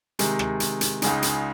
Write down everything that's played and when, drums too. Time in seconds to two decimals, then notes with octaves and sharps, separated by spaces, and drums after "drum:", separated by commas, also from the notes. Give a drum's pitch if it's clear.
0.19 C3 D#3 G#3, drum: hi-hat
0.39 drum: rim click
0.60 drum: hi-hat
0.81 drum: hi-hat
1.02 C#2 C#3 G#3 D#4, drum: hi-hat
1.22 drum: hi-hat